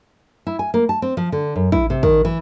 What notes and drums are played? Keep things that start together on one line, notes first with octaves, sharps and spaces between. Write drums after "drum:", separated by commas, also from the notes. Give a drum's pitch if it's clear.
E4
G#5
A#3
A5
C4
F3
D3
F#2
E4, drum: kick
C3
D#3, drum: kick
E3